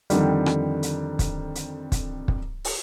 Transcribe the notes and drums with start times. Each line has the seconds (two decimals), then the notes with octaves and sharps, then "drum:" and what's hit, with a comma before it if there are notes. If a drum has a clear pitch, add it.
0.10 F2 D3 D#3 G3, drum: hi-hat
0.46 drum: rim click
0.83 drum: hi-hat
1.19 drum: kick, hi-hat
1.55 drum: hi-hat
1.92 drum: kick, hi-hat
2.28 drum: kick
2.65 drum: open hi-hat